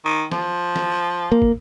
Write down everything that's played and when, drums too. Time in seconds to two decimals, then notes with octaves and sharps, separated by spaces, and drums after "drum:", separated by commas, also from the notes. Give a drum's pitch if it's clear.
0.05 D#3
0.32 F3, drum: snare
0.76 drum: snare
1.32 A#3
1.42 drum: kick